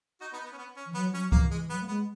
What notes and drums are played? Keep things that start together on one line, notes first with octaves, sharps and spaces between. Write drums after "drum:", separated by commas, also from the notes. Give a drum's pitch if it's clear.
D#4 F#4
B3 D#4
B3
C#4
B3
C#4
E3
F#3 B3
F#3 C#4
E3 A#3, drum: kick C#2
E3 G#3
F#3 B3
A#3
G#3 B3